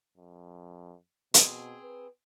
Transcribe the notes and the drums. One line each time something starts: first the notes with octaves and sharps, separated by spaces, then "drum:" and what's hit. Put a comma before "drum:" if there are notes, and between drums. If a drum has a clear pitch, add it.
F2
B2 C4 G#4, drum: hi-hat
B4